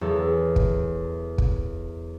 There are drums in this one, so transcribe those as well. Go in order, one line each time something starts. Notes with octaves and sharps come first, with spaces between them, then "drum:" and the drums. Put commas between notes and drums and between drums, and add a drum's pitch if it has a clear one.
E2 F#3 A4
drum: kick
drum: kick